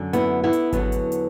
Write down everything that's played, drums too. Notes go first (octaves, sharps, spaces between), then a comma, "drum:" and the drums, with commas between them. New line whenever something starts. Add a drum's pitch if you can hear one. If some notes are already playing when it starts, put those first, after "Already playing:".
Already playing: F#2 D3 F#3
B3 E4, drum: hi-hat
B3 E4
drum: hi-hat
E2 D3 F#3 B3, drum: kick G#1, hi-hat
drum: hi-hat
drum: hi-hat